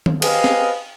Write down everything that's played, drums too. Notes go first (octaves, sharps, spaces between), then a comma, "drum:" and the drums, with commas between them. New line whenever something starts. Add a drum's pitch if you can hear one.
drum: tom D#3
G4 G#4 B4 C5 D#5 F5, drum: cymbal
drum: snare C4